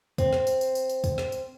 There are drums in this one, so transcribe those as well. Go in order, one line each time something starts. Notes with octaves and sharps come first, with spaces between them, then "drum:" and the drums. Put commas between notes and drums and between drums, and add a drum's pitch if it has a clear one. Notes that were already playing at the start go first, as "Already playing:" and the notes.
C4, drum: kick, tambourine
drum: snare
drum: tambourine
drum: tambourine
drum: tambourine
drum: tambourine
drum: kick, tambourine
drum: snare
drum: tambourine